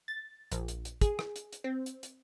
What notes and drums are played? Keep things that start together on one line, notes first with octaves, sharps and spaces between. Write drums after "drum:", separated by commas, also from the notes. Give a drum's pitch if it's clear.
A6
A#1, drum: hi-hat
drum: hi-hat
drum: hi-hat
G#4, drum: kick, hi-hat
drum: rim click
drum: hi-hat
drum: hi-hat
C4
drum: hi-hat
drum: hi-hat